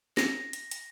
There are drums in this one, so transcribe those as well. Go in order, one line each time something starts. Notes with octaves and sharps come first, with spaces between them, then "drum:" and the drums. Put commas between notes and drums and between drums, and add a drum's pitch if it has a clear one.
A#6, drum: snare
drum: hi-hat
drum: hi-hat